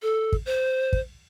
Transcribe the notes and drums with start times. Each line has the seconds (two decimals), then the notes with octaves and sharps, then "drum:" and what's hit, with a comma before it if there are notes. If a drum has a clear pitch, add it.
0.02 A4
0.32 drum: kick
0.46 C5
0.93 drum: kick